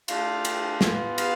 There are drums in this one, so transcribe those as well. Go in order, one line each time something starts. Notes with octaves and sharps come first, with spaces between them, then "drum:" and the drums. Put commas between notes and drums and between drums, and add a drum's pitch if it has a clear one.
A3 D4 F4 F5, drum: cymbal
drum: cymbal
B3 F4, drum: snare
F5, drum: cymbal